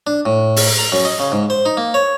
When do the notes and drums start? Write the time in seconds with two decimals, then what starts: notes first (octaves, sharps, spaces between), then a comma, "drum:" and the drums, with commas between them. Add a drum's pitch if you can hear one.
0.07 D4
0.26 A2
0.56 drum: open hi-hat
0.78 A#5
0.92 F#2
1.05 D#5
1.19 C#3
1.32 G#2
1.50 C5
1.65 D#4
1.77 A#3
1.94 C#5